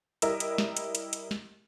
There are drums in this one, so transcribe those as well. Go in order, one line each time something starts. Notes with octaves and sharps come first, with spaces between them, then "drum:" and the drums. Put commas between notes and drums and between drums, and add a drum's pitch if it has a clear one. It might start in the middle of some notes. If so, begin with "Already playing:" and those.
G3 E4 A#4 D#5, drum: hi-hat
drum: hi-hat
drum: snare
drum: hi-hat
drum: hi-hat
drum: hi-hat
drum: snare